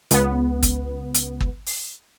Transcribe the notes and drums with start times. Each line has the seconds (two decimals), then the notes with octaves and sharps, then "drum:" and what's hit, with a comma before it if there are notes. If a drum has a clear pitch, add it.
0.11 C#2 B3, drum: hi-hat
0.63 drum: kick, hi-hat
1.15 drum: hi-hat
1.40 drum: kick
1.66 drum: open hi-hat